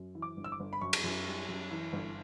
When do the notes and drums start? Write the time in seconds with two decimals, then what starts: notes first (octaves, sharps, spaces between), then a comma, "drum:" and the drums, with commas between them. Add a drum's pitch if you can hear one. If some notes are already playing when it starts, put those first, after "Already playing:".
Already playing: F#2
0.15 E3
0.22 D6
0.37 G1
0.44 E6
0.52 D6
0.60 G1
0.73 B5
0.81 F#2 C#6
0.93 drum: cymbal
1.04 F#2
1.26 G3
1.49 F#2
1.71 E3
1.93 G1